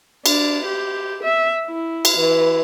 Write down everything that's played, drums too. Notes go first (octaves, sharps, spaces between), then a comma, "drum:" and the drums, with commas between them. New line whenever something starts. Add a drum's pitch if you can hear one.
D4, drum: cymbal
G4
E5
E4
drum: cymbal
E3